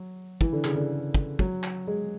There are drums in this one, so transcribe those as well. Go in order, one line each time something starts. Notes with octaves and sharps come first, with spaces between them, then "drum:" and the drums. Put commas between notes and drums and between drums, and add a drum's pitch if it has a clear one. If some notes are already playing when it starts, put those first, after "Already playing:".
Already playing: F#3
E3, drum: kick
D3
C#3, drum: clap
D3
drum: kick
F#3, drum: kick
drum: clap
G#3